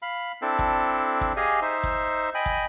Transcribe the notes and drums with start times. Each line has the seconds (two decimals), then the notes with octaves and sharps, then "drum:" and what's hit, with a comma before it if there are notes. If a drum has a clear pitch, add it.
0.02 F5 B5
0.42 C4 D4 E4 A4
0.59 drum: kick
1.21 drum: kick
1.37 G4 G#4 D#5 F5 G#5
1.62 D#4 C5 E5
1.83 drum: kick
2.35 D#5 G5 G#5 B5
2.46 drum: kick